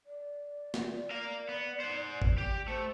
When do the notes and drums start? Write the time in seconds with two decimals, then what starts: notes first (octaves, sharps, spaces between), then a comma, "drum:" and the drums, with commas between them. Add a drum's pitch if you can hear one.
0.06 D5
0.74 drum: snare
1.11 A#4 F5
1.49 B3
1.80 C5 F#5
2.22 drum: kick G#1
2.38 G4
2.68 A3 C5